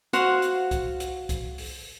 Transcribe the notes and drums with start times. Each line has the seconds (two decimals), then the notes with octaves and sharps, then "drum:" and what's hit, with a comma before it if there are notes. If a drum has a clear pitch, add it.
0.13 F#4 C5 F5 F#5, drum: hi-hat
0.42 drum: hi-hat
0.71 drum: kick C2, hi-hat
1.00 drum: hi-hat
1.29 drum: kick C2, hi-hat
1.58 drum: open hi-hat